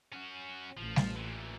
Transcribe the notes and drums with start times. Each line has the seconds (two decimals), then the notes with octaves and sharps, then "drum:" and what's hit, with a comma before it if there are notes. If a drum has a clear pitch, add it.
0.13 C#4 F#4
0.77 A1 F3
0.96 drum: snare G3
1.16 A#2 E3